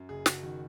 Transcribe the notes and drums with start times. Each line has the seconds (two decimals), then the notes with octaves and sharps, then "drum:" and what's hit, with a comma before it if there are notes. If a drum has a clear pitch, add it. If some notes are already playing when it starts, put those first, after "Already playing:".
Already playing: F#2
0.09 F#1 G#4
0.26 F#1 F#4, drum: snare
0.43 D#3 F#4